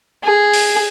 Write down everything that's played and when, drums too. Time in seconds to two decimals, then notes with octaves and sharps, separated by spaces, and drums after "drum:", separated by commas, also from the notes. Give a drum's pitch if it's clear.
0.24 G#4
0.53 drum: open hi-hat